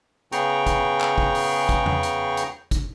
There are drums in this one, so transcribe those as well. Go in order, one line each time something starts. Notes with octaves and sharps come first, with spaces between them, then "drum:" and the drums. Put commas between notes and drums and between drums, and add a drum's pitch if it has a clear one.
C#3 B3 G#4 G5 A#5 C#6, drum: hi-hat
drum: kick, hi-hat
drum: clap
drum: kick
drum: open hi-hat
drum: kick, hi-hat
drum: tom E2
drum: hi-hat
drum: hi-hat
drum: kick, hi-hat